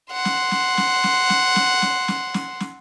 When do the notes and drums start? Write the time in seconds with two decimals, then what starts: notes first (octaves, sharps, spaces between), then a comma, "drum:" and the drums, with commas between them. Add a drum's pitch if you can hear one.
0.12 F#5 C6
0.25 drum: snare
0.51 drum: snare
0.77 drum: snare
1.04 drum: snare
1.30 drum: snare
1.56 drum: snare
1.82 drum: snare
2.08 drum: snare
2.34 drum: snare
2.60 drum: snare